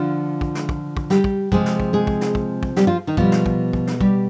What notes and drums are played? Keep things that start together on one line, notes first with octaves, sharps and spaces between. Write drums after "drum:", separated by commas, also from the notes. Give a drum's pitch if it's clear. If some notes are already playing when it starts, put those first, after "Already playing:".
Already playing: D3 F3 F4
drum: kick
drum: snare
drum: kick
drum: kick
G3 G4, drum: snare
drum: kick
C3 F3 G#3 G#4, drum: kick
drum: snare
drum: kick
G#3 G#4
drum: kick
drum: snare
drum: kick
drum: kick
G3 G4, drum: snare
F3 F4
D#3 D#4
B2 F3 G3 F4, drum: kick
drum: snare
drum: kick
drum: kick
drum: snare
G3 G4, drum: kick